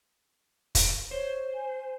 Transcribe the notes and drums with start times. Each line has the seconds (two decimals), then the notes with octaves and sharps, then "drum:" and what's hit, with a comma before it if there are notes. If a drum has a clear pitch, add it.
0.75 drum: kick, hi-hat
1.11 C5 C#5
1.55 G#5